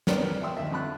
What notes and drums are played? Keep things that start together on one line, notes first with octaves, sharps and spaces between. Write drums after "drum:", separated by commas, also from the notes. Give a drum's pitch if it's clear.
B3 C4 D4 A#4 C#5 D5, drum: snare
F2
E5 G5 C6 E6
D#2 E5
F2 D3 F4 B5 F#6